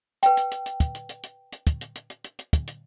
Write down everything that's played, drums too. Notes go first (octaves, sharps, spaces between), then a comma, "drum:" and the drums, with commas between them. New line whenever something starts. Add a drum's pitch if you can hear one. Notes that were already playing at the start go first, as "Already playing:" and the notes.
B4 G5, drum: hi-hat
drum: hi-hat
drum: hi-hat
drum: hi-hat
drum: kick, hi-hat
drum: hi-hat
drum: hi-hat
drum: hi-hat
drum: hi-hat
drum: kick, hi-hat
drum: hi-hat
drum: hi-hat
drum: hi-hat
drum: hi-hat
drum: hi-hat
drum: kick, hi-hat
drum: hi-hat